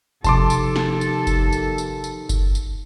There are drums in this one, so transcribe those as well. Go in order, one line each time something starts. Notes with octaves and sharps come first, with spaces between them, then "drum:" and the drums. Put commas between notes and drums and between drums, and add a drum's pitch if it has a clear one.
D#2 C3 F3 A4 A5 C6 D6, drum: kick F#1, tambourine
drum: tambourine
drum: snare
drum: tambourine
drum: kick F#1, tambourine
drum: tambourine
drum: tambourine
drum: tambourine
drum: kick F#1, tambourine
drum: tambourine